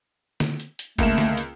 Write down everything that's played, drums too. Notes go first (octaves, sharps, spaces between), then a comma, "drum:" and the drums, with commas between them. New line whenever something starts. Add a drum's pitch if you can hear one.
drum: snare D3
drum: hi-hat
drum: hi-hat
C#2 A3 A#3 E7, drum: kick G1, hi-hat
drum: snare D3
drum: hi-hat